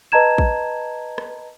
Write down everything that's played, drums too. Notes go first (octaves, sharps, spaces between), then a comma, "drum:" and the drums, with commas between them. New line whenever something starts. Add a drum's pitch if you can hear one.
B4 D#5 A5 A#5 G#6 E7
drum: kick
drum: rim click